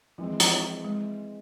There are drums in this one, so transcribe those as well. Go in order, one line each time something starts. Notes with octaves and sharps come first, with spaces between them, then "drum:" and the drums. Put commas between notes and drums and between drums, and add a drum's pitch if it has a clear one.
E3 F3 G#3 C4
F3, drum: hi-hat
G#3